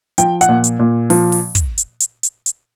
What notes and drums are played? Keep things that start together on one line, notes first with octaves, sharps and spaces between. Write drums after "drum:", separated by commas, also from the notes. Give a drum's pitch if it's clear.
F3 G5, drum: hi-hat
F#5, drum: hi-hat
A#2
drum: hi-hat
A#2
F3, drum: open hi-hat
drum: open hi-hat
drum: kick, hi-hat
drum: hi-hat
drum: hi-hat
drum: hi-hat
drum: hi-hat